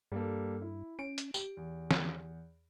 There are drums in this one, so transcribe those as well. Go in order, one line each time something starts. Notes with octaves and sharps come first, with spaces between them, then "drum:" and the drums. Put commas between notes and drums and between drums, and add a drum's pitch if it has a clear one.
G2 G3 A#3 A4
E4
C#4 D7
drum: hi-hat
G4, drum: tambourine
E2
drum: snare